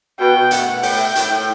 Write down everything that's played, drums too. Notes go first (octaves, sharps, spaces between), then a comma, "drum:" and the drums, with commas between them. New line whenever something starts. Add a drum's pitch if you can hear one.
B2 G5
B2
A3 F#5, drum: hi-hat
B2
A2 G5, drum: open hi-hat
E4
A2, drum: hi-hat
A2